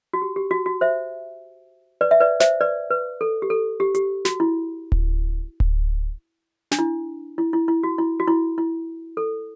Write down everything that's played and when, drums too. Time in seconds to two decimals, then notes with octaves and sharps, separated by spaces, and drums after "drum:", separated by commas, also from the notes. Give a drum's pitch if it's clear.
0.13 F#4
0.22 G4
0.36 G4
0.51 F#4
0.66 F#4
0.81 C5 E5
2.01 B4 D5
2.11 E5
2.20 B4 D5
2.40 C5 E5, drum: snare
2.60 B4 D5
2.91 B4
3.21 A4
3.42 G4
3.50 A4
3.80 G4
3.95 G4, drum: hi-hat
4.25 F#4, drum: snare
4.40 E4
4.92 drum: kick D1
5.60 drum: kick D1
6.72 D4, drum: snare
6.79 E4
7.38 E4
7.53 E4
7.68 E4
7.83 F#4
7.98 E4
8.20 F#4
8.28 E4
8.58 E4
9.17 A4